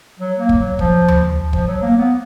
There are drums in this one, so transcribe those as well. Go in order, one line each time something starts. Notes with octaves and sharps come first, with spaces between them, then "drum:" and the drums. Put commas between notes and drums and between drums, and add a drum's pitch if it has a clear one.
F#3
A#3
drum: kick
F#3
F3, drum: kick
drum: tom D#2
F3, drum: kick
F#3
A#3
B3